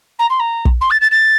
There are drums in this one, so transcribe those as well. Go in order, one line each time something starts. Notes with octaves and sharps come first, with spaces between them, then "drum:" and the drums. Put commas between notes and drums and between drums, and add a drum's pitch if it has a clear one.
A#5
C6
A#5
drum: kick
C6
A6
A6
A6